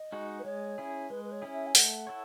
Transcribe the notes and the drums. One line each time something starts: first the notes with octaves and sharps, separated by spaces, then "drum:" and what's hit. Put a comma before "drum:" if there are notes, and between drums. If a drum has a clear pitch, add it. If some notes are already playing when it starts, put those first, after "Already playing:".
Already playing: D#5
G#3 D#4 F#4
B4
G#3 C#5
C#4 E4 G#4
G#3 B4
B4
C#5
C#4 E4 G#4
E5
G#5
A3 F#5, drum: open hi-hat
E4 A4 C#5